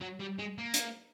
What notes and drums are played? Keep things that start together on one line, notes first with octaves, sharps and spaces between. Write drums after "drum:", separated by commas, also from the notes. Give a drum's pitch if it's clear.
F#3
G3
G#3
A#3
drum: hi-hat